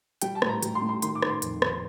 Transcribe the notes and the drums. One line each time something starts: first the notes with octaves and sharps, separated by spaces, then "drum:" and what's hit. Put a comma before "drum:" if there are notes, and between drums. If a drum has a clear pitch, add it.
G3 G5, drum: hi-hat
A5
A2, drum: rim click
A#5
G3, drum: hi-hat
C6
A2
C6
D#3 C6, drum: hi-hat
D6
D#3, drum: rim click
C6
F2, drum: hi-hat
D#3, drum: rim click